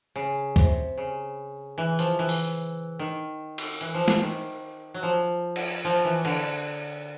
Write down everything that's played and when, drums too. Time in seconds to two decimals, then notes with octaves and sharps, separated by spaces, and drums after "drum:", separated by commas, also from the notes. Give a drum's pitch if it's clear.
0.16 C#3
0.56 C3, drum: kick C#2
0.98 C#3
1.78 E3
1.99 F3, drum: hi-hat
2.19 E3
2.29 drum: open hi-hat
2.99 D#3
3.58 drum: cymbal
3.81 E3, drum: hi-hat
3.95 F3
4.08 E3, drum: snare
4.22 D#3
4.94 F#3
5.03 F3
5.56 drum: cymbal
5.85 F3
6.05 E3
6.25 D3, drum: cymbal